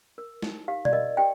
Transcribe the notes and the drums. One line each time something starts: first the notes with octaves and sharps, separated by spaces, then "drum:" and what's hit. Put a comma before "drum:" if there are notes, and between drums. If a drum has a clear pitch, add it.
A#4
D#4, drum: snare
G4 F5
D5, drum: tom B2
A#4 D#5
G4 G5